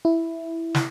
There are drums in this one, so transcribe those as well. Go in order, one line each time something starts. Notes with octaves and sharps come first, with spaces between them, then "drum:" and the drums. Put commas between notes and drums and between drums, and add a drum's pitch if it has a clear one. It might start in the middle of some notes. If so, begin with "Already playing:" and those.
E4
drum: snare